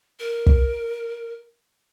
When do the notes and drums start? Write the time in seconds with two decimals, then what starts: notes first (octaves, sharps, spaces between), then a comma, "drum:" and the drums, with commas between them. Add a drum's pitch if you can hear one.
0.20 A#4
0.46 drum: kick